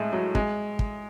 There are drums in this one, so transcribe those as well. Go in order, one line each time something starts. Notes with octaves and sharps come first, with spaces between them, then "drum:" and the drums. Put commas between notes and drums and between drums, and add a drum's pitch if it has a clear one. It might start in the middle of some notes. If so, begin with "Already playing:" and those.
Already playing: A2 G#3 A3
F#3
G#3, drum: kick
drum: kick